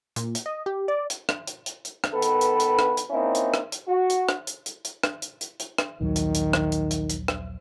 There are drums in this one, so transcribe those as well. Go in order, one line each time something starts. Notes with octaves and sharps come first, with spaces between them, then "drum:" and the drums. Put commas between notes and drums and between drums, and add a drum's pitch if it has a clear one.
A#2, drum: hi-hat
drum: hi-hat
D#5
G4
D5
drum: hi-hat
drum: rim click
drum: hi-hat
drum: hi-hat
drum: hi-hat
drum: rim click
D#3 B3 A4 B4
drum: hi-hat
drum: hi-hat
drum: hi-hat
drum: rim click
drum: hi-hat
A#3 C4 C#4 D#4 E4
drum: hi-hat
drum: rim click
drum: hi-hat
F#4
drum: hi-hat
drum: rim click
drum: hi-hat
drum: hi-hat
drum: hi-hat
drum: rim click
drum: hi-hat
drum: hi-hat
drum: hi-hat
drum: rim click
A#1 D#2 D#3 F#3
drum: hi-hat
drum: hi-hat
drum: rim click
drum: hi-hat
drum: hi-hat
drum: hi-hat
drum: rim click